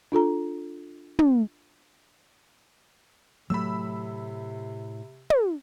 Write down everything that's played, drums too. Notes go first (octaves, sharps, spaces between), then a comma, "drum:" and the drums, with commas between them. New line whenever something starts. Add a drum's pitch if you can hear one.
D4 F4 A4 A#5
drum: tom
A2 C3 F#3 A3 B5 E6
drum: tom